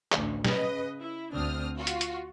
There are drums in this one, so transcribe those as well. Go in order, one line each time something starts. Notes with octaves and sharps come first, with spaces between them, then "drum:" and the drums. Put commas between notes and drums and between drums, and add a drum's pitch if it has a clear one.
A1 D2, drum: clap
C#3 B4 D#5, drum: snare
E4
D2 C4 D4 D#6 F6
F4 F#4
drum: hi-hat
drum: hi-hat